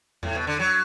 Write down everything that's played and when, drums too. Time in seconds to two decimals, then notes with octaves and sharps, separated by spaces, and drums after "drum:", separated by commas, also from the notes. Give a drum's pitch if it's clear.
0.23 A2, drum: tom E2
0.35 B2
0.47 D3
0.59 F#3